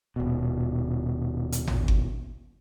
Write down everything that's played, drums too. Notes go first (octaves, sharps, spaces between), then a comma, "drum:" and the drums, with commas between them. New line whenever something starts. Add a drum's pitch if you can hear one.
D#1 B2
drum: hi-hat
drum: tom
drum: kick G1